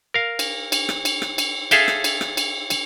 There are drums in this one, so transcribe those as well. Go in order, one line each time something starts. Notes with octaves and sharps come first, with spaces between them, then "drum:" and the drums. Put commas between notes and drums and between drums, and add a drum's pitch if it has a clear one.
A#4 F5
drum: cymbal
drum: cymbal
drum: rim click
drum: cymbal
drum: rim click
drum: cymbal
G#4 A4 E5 F5 G5, drum: cymbal
drum: rim click
drum: cymbal
drum: rim click
drum: cymbal
drum: cymbal